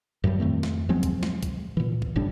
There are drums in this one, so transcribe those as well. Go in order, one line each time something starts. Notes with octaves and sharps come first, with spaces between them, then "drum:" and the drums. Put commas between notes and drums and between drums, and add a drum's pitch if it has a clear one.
F#2 A2 F#3 G3
F2 D#3 A3 C4
drum: snare
F3 F#3 G#3 C4
drum: kick, hi-hat
drum: snare
drum: kick, hi-hat
A#2 E3
drum: kick
F#1 A2 G3 D4